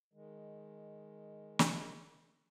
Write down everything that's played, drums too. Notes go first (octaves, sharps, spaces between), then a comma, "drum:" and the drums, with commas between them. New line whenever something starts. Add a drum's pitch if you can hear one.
D#3 G#3
drum: snare